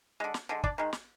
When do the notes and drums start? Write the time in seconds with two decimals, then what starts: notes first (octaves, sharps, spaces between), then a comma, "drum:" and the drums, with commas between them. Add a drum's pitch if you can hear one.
0.20 D3 G#3
0.34 drum: snare
0.49 D3 G#3
0.64 D4 D5, drum: kick
0.78 D#3 G#3
0.93 drum: snare